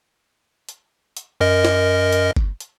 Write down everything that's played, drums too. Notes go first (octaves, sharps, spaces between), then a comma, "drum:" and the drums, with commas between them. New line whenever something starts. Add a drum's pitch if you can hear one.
drum: hi-hat
drum: hi-hat
F#2 A#4 D#5
drum: snare
drum: hi-hat
drum: kick F#1
drum: hi-hat